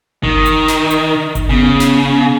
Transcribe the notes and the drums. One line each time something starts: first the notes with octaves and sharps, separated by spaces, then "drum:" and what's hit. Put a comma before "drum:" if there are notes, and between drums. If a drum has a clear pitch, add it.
D#3, drum: kick G1
drum: hi-hat
drum: snare
drum: hi-hat
drum: kick G1, hi-hat
C#3 B3
drum: snare